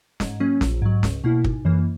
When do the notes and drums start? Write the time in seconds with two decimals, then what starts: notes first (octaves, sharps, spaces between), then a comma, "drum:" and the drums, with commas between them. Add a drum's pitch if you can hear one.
0.20 G#2, drum: snare
0.40 F#3 A#3 C#4
0.61 A#1, drum: snare
0.82 G#2 F#3
1.03 C#2, drum: snare
1.24 B2 A#3 E4
1.44 G#1, drum: kick
1.65 F#2 E3 A#3